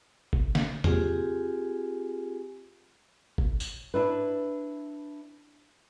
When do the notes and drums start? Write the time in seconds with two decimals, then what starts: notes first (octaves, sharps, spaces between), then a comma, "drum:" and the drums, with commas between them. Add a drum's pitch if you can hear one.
0.33 drum: kick G1
0.55 drum: snare
0.84 C4 F4 G4 G#4 G#5, drum: tom E2
3.38 drum: kick G1
3.60 drum: tambourine
3.94 D4 E4 B4